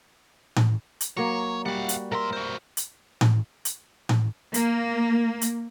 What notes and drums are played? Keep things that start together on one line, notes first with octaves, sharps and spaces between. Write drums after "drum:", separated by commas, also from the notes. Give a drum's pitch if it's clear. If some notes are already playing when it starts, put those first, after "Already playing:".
drum: tom A2
drum: hi-hat
F#3 A#3 C#5
G3 F#4 F5 F#5
drum: hi-hat
G#2 A#4 E5 C6
F#4 C5
drum: hi-hat
drum: tom A2
drum: hi-hat
drum: tom A2
A#3, drum: hi-hat
drum: hi-hat